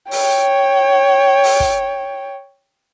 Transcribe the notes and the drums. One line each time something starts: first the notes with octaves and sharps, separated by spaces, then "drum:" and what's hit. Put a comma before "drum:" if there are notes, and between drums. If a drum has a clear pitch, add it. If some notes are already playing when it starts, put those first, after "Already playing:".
C#5 G5, drum: open hi-hat
drum: open hi-hat
drum: kick